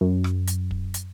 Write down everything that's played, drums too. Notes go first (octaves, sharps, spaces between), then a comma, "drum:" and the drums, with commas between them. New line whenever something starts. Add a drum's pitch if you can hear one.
F#2
drum: rim click
drum: hi-hat
drum: kick
drum: hi-hat